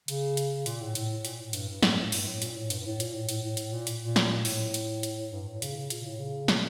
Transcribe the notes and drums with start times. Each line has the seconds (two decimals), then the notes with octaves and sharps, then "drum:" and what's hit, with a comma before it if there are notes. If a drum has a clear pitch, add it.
0.08 C#3, drum: hi-hat
0.37 drum: hi-hat
0.66 A#2, drum: hi-hat
0.81 A2
0.95 A2, drum: hi-hat
1.25 A#2, drum: hi-hat
1.40 A2
1.53 G2, drum: hi-hat
1.69 G2
1.83 A2, drum: snare
1.98 A2
2.12 G2, drum: open hi-hat
2.27 A2
2.42 A#2, drum: hi-hat
2.55 A2
2.70 G2, drum: hi-hat
2.80 G2
2.85 A2
3.00 A#2, drum: hi-hat
3.14 A2
3.29 A2, drum: hi-hat
3.42 A2
3.57 A2, drum: hi-hat
3.72 A#2
3.87 drum: hi-hat
4.02 A#2
4.16 drum: snare
4.45 A2, drum: open hi-hat
4.74 drum: hi-hat
5.03 drum: hi-hat
5.33 G2
5.48 A2
5.62 C#3, drum: hi-hat
5.76 C#3
5.90 A#2, drum: hi-hat
6.06 A2
6.19 C#3
6.48 A#2, drum: snare